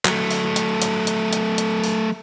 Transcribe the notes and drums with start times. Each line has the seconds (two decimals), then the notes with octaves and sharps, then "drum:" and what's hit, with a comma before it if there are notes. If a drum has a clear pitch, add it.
0.05 F#3 A3, drum: clap
0.31 drum: open hi-hat
0.56 drum: hi-hat
0.82 drum: hi-hat
1.07 drum: hi-hat
1.33 drum: hi-hat
1.58 drum: hi-hat
1.84 drum: open hi-hat